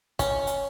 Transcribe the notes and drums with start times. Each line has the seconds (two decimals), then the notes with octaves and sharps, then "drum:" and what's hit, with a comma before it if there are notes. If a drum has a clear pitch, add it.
0.19 C#4, drum: kick, hi-hat
0.47 drum: hi-hat